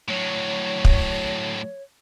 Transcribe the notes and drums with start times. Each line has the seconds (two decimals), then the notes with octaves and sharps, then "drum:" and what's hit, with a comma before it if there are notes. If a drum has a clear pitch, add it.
0.09 A2 F#3 C#5
0.85 drum: kick